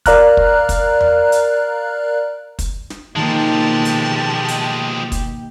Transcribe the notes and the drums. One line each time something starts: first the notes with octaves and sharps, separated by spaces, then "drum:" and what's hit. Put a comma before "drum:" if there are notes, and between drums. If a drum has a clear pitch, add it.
A#4 D5 F5 A#5 F6 F#6, drum: kick, hi-hat
drum: kick
drum: kick, hi-hat
drum: tom E2
drum: hi-hat
drum: kick, hi-hat
drum: snare
B2 D#3 F3 G#3 A#3 G4 A5
drum: hi-hat
drum: hi-hat
drum: kick, hi-hat